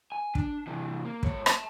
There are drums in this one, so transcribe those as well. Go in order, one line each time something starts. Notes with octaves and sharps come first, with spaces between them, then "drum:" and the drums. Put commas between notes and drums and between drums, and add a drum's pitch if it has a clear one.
G#5
D4, drum: kick
C3 E3
A#3
G#2 C#5, drum: kick
E5 A5, drum: rim click